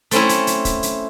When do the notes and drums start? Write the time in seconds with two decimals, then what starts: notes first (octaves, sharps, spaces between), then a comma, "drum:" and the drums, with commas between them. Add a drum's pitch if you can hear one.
0.11 A3 C4 C#4 E4, drum: hi-hat
0.29 drum: hi-hat
0.47 drum: hi-hat
0.65 drum: kick, hi-hat
0.83 drum: hi-hat